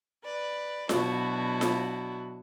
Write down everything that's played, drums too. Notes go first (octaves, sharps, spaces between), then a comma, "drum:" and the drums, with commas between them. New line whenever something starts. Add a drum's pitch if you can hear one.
B4 D5
B2 F#3 D4 E4 F#4, drum: snare F4
drum: snare F4